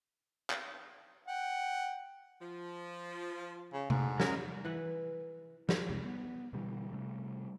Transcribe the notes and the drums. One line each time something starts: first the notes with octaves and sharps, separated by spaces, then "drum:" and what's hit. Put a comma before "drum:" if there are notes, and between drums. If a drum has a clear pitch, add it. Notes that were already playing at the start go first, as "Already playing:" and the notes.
drum: clap
F#5 G5
F3
C#3
D2 G#2, drum: tom C3
G#3 C#4 A#4, drum: snare
E3 B4 F#5
F3, drum: snare
C2 F2 C3 G#3
B3
B2 D3 E3 G3
C3 G3 A3